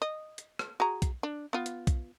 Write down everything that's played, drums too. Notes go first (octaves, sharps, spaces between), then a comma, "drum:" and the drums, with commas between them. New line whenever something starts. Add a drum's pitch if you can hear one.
D#5
drum: hi-hat
drum: rim click
F#4 G#4 A#5
drum: kick B1, hi-hat
D4
B3 F4
drum: hi-hat
drum: kick B1, hi-hat